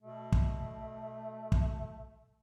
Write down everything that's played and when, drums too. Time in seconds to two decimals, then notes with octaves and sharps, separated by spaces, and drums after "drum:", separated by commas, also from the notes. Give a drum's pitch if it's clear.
0.02 B2 A3
0.32 drum: kick
1.52 drum: kick